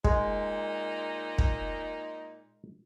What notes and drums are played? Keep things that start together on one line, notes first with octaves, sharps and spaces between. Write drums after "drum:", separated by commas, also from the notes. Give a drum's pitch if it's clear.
A#2 G#3 D#4, drum: kick
drum: kick